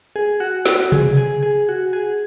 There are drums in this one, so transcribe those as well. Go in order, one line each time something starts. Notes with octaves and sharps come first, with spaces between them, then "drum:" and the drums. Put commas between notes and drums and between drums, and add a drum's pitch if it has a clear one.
G#4
F#4
drum: snare
G#4, drum: tom C3
G#4
G#4
F#4
G#4